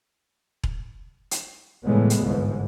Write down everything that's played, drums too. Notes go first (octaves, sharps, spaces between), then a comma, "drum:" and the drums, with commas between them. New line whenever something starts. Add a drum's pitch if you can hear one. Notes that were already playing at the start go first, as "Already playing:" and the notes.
drum: kick E1
drum: hi-hat
A2 C#3 E3 G3 G#3 B3
drum: hi-hat
G1 C2 G#2 E3 F3